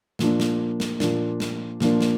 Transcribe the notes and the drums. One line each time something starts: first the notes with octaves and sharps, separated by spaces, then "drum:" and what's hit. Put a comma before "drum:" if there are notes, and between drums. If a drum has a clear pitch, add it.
A#2 F3 A#3 D4, drum: snare
drum: snare
drum: snare
A#2 F3 A#3 D4, drum: snare
drum: snare
A#2 F3 A#3 D4, drum: snare
drum: snare